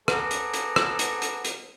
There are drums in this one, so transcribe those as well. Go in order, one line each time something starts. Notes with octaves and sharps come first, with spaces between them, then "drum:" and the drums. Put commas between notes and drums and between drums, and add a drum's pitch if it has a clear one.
G#4 A4 B4 F#5 A#5 D6, drum: rim click
drum: hi-hat
drum: hi-hat
drum: rim click
drum: hi-hat
drum: hi-hat
drum: hi-hat